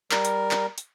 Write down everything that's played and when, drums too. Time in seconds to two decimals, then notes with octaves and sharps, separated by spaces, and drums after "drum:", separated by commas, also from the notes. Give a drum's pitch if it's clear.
0.11 G3 A#4, drum: clap
0.25 drum: hi-hat
0.51 drum: clap
0.78 drum: hi-hat